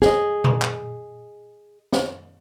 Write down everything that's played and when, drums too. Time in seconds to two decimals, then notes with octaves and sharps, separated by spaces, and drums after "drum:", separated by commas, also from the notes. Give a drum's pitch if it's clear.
0.02 G#4 D#5, drum: snare
0.44 drum: tom A#2
0.62 drum: clap
1.92 drum: snare